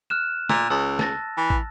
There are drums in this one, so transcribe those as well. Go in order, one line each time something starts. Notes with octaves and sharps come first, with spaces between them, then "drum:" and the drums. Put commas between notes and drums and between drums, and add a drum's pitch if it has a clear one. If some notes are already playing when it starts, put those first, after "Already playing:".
F6 F#6 E7
A#2 E6, drum: snare
C#2 E6
A5 A6 A#6, drum: snare
E3
drum: kick